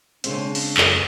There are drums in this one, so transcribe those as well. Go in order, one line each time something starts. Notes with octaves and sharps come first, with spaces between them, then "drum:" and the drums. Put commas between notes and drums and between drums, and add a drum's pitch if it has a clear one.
C#3 G#3 C4 D4, drum: hi-hat
drum: open hi-hat
F#2, drum: clap